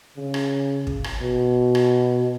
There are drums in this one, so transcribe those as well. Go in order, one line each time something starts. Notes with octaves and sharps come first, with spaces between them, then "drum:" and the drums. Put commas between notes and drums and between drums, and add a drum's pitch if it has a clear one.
C#3
drum: rim click
drum: kick
drum: rim click
B2
drum: rim click